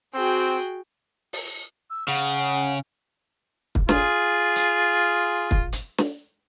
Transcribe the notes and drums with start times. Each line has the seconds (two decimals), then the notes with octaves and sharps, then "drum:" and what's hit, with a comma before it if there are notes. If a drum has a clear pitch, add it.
0.14 C4 F#4 G#4 G5
1.33 drum: open hi-hat
1.90 E6
2.08 C#3 F#5
3.75 drum: kick
3.89 F4 G#4, drum: snare
4.56 drum: hi-hat
5.51 drum: kick
5.73 drum: hi-hat
5.98 drum: snare